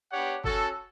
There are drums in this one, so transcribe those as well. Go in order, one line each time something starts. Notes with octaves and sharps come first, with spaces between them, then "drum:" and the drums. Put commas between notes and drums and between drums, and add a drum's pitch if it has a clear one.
B3 D4 G4 C#5 F#5
C#4 F#4 A4, drum: kick